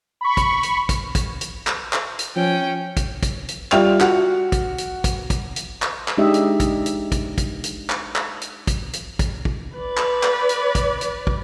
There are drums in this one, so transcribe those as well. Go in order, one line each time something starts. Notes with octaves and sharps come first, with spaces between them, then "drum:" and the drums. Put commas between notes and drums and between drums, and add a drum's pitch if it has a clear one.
B5 C#6
drum: kick, hi-hat
drum: hi-hat
drum: kick, hi-hat
drum: kick, hi-hat
drum: hi-hat
drum: clap
drum: clap
drum: hi-hat
F3 C#4 G5
drum: kick, hi-hat
drum: kick, hi-hat
drum: hi-hat
G3 F4 E5 G5 F6 F7, drum: clap
F#4 F#5, drum: clap
drum: kick, hi-hat
drum: hi-hat
drum: kick, hi-hat
drum: kick, hi-hat
drum: hi-hat
drum: clap
drum: clap
G#3 D4 D#4 G4 D#5 E5
drum: hi-hat
drum: kick, hi-hat
drum: hi-hat
drum: kick, hi-hat
drum: kick, hi-hat
drum: hi-hat
drum: clap
drum: clap
drum: hi-hat
drum: kick, hi-hat
drum: hi-hat
drum: kick, hi-hat
drum: kick
B4 D5
drum: clap
drum: clap
drum: hi-hat
drum: kick, hi-hat
drum: hi-hat
drum: kick